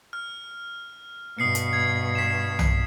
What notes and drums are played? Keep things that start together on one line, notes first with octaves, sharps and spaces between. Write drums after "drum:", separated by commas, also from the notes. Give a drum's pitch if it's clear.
F6
G2 B2 D#6 C7 C#7
drum: hi-hat
G#6
B6 E7
drum: tom B1